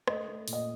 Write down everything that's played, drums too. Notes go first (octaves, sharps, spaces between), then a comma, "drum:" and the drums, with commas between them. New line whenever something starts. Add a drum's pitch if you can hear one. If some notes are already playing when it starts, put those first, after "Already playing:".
A3 D#5, drum: rim click
A3
A#2, drum: open hi-hat
D#5